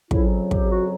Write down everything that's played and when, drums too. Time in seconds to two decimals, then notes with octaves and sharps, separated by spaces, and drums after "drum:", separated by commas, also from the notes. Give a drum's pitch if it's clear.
0.11 F2 C#3 F#3 E4, drum: kick
0.51 G4, drum: kick
0.70 F#4